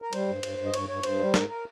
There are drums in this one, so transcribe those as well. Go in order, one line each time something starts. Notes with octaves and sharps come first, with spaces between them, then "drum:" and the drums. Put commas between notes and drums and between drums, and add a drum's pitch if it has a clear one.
A#4
G3 C5, drum: cymbal
G2
G2, drum: cymbal
G2
D#5
G2 C#5, drum: cymbal
G2 C#5
G2 C5, drum: cymbal
G3
G#2 A#4, drum: snare
A#4